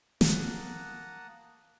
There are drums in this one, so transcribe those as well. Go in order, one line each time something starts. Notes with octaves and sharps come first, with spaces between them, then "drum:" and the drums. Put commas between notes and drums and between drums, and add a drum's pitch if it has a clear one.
A#3 F#5 A5 A#5 D#6 F#6, drum: snare